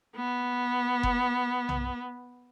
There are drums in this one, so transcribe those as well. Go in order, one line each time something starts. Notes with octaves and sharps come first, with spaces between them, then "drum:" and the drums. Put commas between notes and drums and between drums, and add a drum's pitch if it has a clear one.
B3
drum: kick F#1
drum: tom B1